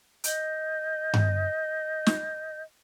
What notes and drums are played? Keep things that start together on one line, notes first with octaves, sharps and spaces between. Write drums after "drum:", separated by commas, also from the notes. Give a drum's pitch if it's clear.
D#5 G6, drum: hi-hat
drum: tom G2
drum: snare